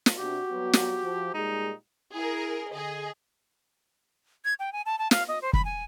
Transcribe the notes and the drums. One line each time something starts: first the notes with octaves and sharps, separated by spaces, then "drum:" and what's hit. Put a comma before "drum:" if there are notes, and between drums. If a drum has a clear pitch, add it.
drum: snare
C3 D4 F#4 G4
F#3 G3 B3
drum: snare
F3
A#2 G3 G#3 D#4
E4 G#4 A#4
D3 G#4 D#5
G#6
G5
G#5
A5
A5
F5, drum: snare
D#5
C5
B5, drum: kick
G#5